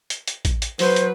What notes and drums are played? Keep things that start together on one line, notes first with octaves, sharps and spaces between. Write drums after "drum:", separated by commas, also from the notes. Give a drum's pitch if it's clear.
drum: hi-hat
drum: hi-hat
drum: kick, hi-hat
drum: hi-hat
F#3 B4 C5, drum: open hi-hat
drum: hi-hat